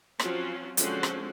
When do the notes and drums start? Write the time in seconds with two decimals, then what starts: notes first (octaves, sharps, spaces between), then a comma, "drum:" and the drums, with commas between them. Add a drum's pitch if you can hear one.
0.19 F3 F#3 C4 C#4 F4 F#4, drum: rim click
0.77 D3 F3 G#3 C4 C#4 F#4, drum: hi-hat
1.03 drum: rim click